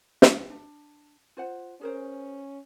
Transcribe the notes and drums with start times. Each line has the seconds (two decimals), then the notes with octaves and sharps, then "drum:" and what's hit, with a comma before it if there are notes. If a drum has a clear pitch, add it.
0.22 drum: snare
0.50 D4
1.37 F4 C5 F#5
1.81 C#4 G#4 A#4 C5